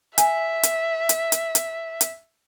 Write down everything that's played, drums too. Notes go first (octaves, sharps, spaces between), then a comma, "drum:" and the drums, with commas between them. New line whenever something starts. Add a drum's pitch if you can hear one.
E5 G#5, drum: hi-hat
drum: hi-hat
drum: hi-hat
drum: hi-hat
drum: hi-hat
drum: hi-hat